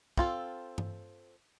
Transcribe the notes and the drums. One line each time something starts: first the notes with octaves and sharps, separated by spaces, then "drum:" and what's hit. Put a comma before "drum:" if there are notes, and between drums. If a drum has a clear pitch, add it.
C4 F4 A4, drum: kick
drum: tom G2